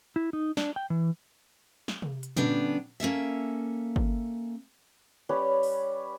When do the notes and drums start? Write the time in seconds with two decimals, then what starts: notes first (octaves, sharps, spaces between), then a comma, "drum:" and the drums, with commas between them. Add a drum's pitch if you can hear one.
0.16 E4
0.33 D#4
0.57 D4, drum: snare
0.76 G5
0.90 E3
1.88 drum: snare
2.02 drum: tom C3
2.23 drum: hi-hat
2.37 D3 G3 B3 C#4 D4, drum: tom A#2
3.00 A#3 C#4 A4 E5
3.96 drum: kick G1
5.29 G3 C#4 B4
5.63 drum: open hi-hat